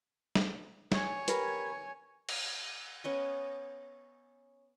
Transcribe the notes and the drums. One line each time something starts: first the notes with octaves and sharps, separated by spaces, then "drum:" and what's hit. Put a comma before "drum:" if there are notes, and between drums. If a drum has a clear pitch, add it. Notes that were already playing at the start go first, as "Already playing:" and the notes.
drum: snare
C#5 G#5, drum: snare
G4 A#4 B4, drum: hi-hat
drum: cymbal
B3 C#4 D#5